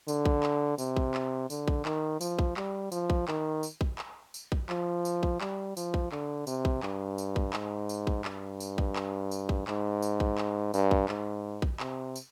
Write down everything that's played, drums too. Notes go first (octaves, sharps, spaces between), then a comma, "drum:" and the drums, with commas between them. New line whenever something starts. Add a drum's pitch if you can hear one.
D3, drum: tambourine
drum: kick A#1
drum: clap
C3, drum: tambourine
drum: kick A#1
drum: clap
D3, drum: tambourine
drum: kick A#1
D#3, drum: clap
F3, drum: tambourine
drum: kick A#1
G3, drum: clap
F3, drum: tambourine
drum: kick A#1
D#3, drum: clap
drum: tambourine
drum: kick A#1
drum: clap
drum: tambourine
drum: kick A#1
F3, drum: clap
drum: tambourine
drum: kick A#1
G3, drum: clap
F3, drum: tambourine
drum: kick A#1
D3, drum: clap
C3, drum: tambourine
drum: kick A#1
G2, drum: clap
drum: tambourine
drum: kick A#1
G#2, drum: clap
drum: tambourine
drum: kick A#1
G2, drum: clap
drum: tambourine
drum: kick A#1
drum: clap
drum: tambourine
drum: kick A#1
G#2, drum: clap
drum: tambourine
drum: kick A#1
drum: clap
G2, drum: tambourine
drum: kick A#1
G#2, drum: clap
drum: kick A#1
C3, drum: clap
drum: tambourine